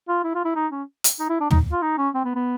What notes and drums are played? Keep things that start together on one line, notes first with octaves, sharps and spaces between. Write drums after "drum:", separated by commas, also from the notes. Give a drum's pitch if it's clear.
F4
E4
F4
E4
D#4
C#4
drum: hi-hat
D#4
E4
D4
D#4, drum: tom
F4
D#4
C#4
C4
B3
B3